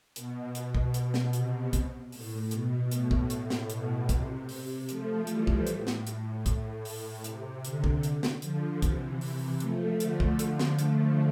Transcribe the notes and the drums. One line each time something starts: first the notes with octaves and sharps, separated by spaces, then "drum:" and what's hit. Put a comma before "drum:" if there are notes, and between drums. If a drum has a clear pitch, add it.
B2, drum: hi-hat
B2, drum: hi-hat
drum: kick
drum: hi-hat
drum: snare
C3, drum: hi-hat
drum: kick, hi-hat
A2, drum: open hi-hat
B2, drum: hi-hat
A2, drum: hi-hat
drum: kick
A2, drum: hi-hat
drum: snare
B2, drum: hi-hat
C3, drum: kick, hi-hat
drum: open hi-hat
F3 A3, drum: hi-hat
E3 G3, drum: hi-hat
drum: kick
A2, drum: hi-hat
drum: snare
A2, drum: hi-hat
drum: kick, hi-hat
drum: open hi-hat
C3, drum: hi-hat
D3, drum: hi-hat
drum: kick
drum: hi-hat
drum: snare
D3 F3, drum: hi-hat
C3 E3, drum: kick, hi-hat
C3, drum: open hi-hat
F3 A3, drum: hi-hat
D3 F3, drum: hi-hat
drum: kick
D3 F3, drum: hi-hat
drum: snare
F3 A3, drum: hi-hat